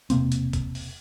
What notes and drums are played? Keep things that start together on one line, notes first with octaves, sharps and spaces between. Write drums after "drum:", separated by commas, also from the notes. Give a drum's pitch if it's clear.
E1 C3 A#3 C4, drum: hi-hat
drum: hi-hat
drum: kick, hi-hat
drum: open hi-hat